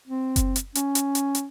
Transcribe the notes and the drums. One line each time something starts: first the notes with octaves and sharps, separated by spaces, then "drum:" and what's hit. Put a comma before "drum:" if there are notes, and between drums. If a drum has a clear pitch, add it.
C4
drum: kick F#1, hi-hat
drum: hi-hat
C#4, drum: hi-hat
drum: hi-hat
drum: hi-hat
drum: hi-hat